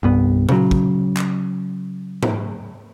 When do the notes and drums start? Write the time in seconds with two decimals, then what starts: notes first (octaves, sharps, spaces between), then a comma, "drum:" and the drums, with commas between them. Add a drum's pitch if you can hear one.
0.03 C2 G2 B3
0.49 C#3 F#3, drum: tom A#2
0.71 drum: kick
1.17 drum: clap
2.23 drum: tom G#2